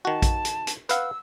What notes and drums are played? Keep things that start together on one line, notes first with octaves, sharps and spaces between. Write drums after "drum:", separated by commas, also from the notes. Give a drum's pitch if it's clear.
D#3 F#4 A5
drum: kick A#1, hi-hat
drum: hi-hat
drum: hi-hat
B4 F5 F#5 E6, drum: hi-hat